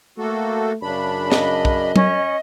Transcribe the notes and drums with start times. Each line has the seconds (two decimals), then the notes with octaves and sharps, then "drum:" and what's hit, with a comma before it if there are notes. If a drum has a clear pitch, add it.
0.18 A3 A#3 F#4 A4
0.82 F#2 C#3 D4 B5
1.32 D#5, drum: snare
1.65 drum: kick
1.96 C#4, drum: tom